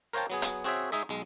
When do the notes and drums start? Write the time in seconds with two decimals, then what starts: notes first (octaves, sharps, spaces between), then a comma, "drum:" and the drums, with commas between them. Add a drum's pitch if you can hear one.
0.13 A#4 C5 C#5 F5 G5 A5
0.30 F#3 B3 G#4
0.42 drum: hi-hat
0.64 C4 F#4 G#4 C5 C#5 E5
0.92 G#3 D#4 G#4 E5
1.09 B1 G#3